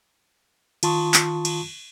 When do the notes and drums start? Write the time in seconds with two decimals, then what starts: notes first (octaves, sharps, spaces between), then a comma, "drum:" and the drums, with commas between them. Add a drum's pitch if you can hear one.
0.83 D#3 F4 A5 C6 C#6 D#6, drum: cymbal
1.14 drum: clap
1.45 drum: cymbal